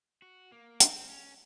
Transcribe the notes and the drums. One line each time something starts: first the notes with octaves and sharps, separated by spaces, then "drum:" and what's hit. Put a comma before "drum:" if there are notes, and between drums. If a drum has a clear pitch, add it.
F#4
A#3
drum: hi-hat
C4
C#4